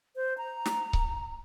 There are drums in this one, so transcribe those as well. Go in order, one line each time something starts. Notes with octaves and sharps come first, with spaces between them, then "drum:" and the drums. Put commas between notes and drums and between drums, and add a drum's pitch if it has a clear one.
C5
A#5
drum: snare
drum: kick C#1